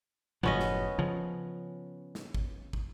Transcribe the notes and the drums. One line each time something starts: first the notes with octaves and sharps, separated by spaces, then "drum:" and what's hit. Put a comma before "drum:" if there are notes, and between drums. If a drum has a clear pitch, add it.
F#1 A2 F3 B3 C#4 D#5
drum: snare
C#3 F3
drum: snare
drum: kick
drum: kick